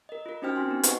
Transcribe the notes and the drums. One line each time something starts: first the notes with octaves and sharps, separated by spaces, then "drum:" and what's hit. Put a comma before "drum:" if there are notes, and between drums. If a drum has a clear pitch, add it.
A#4 D#5
F4 A#4
C#4 D#4 F#4 C5 G5 F6
C4 F#4 G#5 C6
B3 D#4
B4 C5 D#5 F#5 C#6, drum: hi-hat